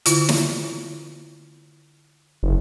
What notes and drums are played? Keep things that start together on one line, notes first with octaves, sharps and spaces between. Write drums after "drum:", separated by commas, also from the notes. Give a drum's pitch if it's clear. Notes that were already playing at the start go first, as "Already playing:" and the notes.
D3 E4 F4, drum: hi-hat
drum: snare
F#1